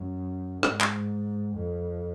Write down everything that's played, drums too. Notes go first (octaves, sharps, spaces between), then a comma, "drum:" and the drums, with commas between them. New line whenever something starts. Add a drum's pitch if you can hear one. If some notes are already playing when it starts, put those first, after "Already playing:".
Already playing: F#2
G#2, drum: rim click
drum: clap
F2